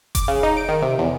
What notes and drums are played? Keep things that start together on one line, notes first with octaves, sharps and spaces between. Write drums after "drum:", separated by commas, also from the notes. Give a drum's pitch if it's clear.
D6, drum: kick F1, hi-hat
C#3
D#4
D7
D#3
C3
E2